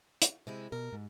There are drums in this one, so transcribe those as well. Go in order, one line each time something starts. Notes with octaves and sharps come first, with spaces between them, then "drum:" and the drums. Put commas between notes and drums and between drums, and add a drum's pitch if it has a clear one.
drum: hi-hat
C3 G#3 E4
B2 A#4
G#2